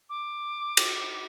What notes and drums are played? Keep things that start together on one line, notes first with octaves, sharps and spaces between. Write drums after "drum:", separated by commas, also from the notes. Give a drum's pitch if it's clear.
D6
drum: cymbal